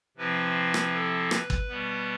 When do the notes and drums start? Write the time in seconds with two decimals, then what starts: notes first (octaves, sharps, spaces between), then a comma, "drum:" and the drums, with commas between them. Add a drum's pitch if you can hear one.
0.17 C3 F3 C4 E4 B4
0.74 drum: rim click
0.94 A4
1.31 B4, drum: rim click
1.50 drum: kick G1
1.68 B2 G3 B3